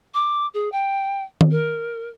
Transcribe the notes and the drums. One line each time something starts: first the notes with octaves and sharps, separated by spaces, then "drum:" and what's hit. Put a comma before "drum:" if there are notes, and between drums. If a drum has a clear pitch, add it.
D6
G#4
G5
drum: tom D#3
A#4